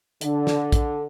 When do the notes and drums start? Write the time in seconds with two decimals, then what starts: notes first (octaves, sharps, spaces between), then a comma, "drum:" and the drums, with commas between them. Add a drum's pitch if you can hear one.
0.21 D3, drum: hi-hat
0.47 drum: snare
0.72 drum: kick, hi-hat